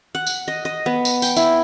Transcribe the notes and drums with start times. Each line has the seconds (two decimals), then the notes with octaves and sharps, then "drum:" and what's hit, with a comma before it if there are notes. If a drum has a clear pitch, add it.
0.15 F#5
0.27 drum: tambourine
0.48 D#5
0.65 D#5
0.86 B3
1.05 drum: tambourine
1.22 G5, drum: tambourine
1.36 E4, drum: tambourine